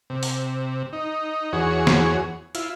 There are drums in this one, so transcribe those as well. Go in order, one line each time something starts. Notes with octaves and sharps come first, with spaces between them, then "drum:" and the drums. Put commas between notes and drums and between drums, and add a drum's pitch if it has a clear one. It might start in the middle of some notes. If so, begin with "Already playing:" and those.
C3
drum: open hi-hat
D#4
E2 F#4 G#4 C#5
drum: snare
E4 F4, drum: hi-hat